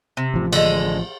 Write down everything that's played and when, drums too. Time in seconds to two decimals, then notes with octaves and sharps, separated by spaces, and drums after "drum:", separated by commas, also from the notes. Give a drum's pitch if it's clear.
0.17 C3
0.34 A1 F3
0.53 D3 G#3, drum: cymbal